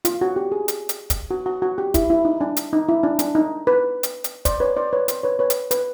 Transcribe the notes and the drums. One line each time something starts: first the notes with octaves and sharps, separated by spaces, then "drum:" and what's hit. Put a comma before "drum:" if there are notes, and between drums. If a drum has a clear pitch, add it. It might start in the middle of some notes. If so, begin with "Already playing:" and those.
F4, drum: hi-hat
F#4
G4
G#4
drum: hi-hat
drum: hi-hat
drum: kick, hi-hat
F#4
F#4
F#4
G4
E4, drum: kick, hi-hat
E4
D#4
D4
drum: hi-hat
D#4
E4
D4
D4, drum: hi-hat
D#4
B4
drum: hi-hat
drum: hi-hat
C5 D5, drum: kick, hi-hat
B4 C#5
C5 D5
B4 C#5
C5, drum: hi-hat
B4 C#5
B4 C#5
drum: hi-hat
B4, drum: hi-hat